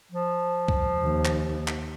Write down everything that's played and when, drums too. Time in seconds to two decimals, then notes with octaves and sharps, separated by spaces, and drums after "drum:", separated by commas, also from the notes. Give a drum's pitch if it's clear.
0.12 F3
0.68 drum: kick
1.03 D#2
1.25 drum: clap
1.68 drum: clap